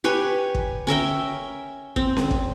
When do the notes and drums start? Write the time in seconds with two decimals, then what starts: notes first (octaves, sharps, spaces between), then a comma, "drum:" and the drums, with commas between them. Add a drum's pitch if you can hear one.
0.04 G4 B4 C#5 G#5
0.55 drum: kick
0.87 C#4 A#4 E5 G5
1.96 C4, drum: kick
2.17 drum: snare C#4
2.31 drum: kick